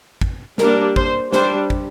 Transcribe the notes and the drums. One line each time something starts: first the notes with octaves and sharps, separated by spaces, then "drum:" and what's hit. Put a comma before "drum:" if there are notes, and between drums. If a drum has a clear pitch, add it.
drum: kick
G3 A#3 D4 A#4, drum: snare
C5, drum: kick
G3 D4 C5, drum: snare
drum: kick